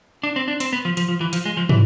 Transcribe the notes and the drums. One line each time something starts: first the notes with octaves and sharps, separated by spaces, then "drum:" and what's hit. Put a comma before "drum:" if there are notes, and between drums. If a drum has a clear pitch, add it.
D4
C4
D4
C4, drum: hi-hat
B3
F3
F3, drum: hi-hat
F3
E3
F3, drum: hi-hat
G#3
F3
E3, drum: tom